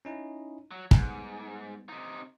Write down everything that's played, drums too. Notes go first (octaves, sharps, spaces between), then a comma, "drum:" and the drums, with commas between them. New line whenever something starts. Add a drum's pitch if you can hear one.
C#4 D#4 E4
F#3
G#2 G3 B3, drum: kick
C3 D#4